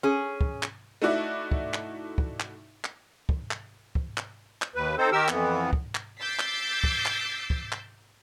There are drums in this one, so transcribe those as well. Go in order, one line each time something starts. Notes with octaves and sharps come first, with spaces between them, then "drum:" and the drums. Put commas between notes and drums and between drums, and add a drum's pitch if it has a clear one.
C#4 G#4
drum: kick
drum: clap
A3 D#4 E4 F#4 D5 E5
drum: kick
drum: clap
drum: kick
drum: clap
drum: clap
drum: kick
drum: clap
drum: kick
drum: clap
drum: clap
D#2 B4
C4 D#4 A4 C5
D#3 G4 A#4 E6
F2 E3 B3, drum: clap
drum: kick
drum: clap
D6 E6 G6 A6 B6 C7
drum: clap
drum: kick
drum: clap
drum: kick
drum: clap